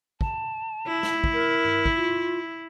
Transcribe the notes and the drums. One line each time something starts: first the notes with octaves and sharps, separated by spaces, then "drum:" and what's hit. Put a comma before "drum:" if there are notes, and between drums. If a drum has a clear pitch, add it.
A5, drum: kick
E4
drum: snare
drum: kick
A#4
drum: tom G2
drum: kick
F4